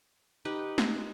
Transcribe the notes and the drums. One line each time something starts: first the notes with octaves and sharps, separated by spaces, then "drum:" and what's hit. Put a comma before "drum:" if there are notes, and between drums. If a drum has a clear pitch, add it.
D#4 G4 B4 F#5
drum: snare